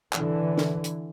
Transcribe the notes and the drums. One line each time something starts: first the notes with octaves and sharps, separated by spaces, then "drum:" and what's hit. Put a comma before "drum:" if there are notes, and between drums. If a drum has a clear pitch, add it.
D3 E3, drum: clap
drum: snare
drum: hi-hat